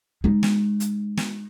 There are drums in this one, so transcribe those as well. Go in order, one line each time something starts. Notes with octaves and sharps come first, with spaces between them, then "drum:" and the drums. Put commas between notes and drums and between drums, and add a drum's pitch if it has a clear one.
G#3 D#4
drum: snare
drum: hi-hat
drum: snare